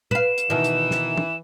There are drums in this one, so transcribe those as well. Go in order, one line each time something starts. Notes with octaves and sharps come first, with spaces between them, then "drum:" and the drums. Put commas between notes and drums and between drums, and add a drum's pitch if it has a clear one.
B4 F5 E7, drum: tom
drum: hi-hat
B2 D#3 E3
drum: hi-hat
drum: snare
drum: tom